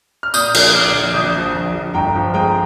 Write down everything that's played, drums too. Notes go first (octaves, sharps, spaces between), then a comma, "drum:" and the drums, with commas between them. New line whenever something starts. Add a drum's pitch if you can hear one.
F6
A#2 D#6 G6, drum: tambourine
A#1, drum: cymbal
A#2 D6 F6
A#1
A#1 D#6 G6
F3
A#1
A#1
G1 G5 A#5
F3
G#3 G5 A#5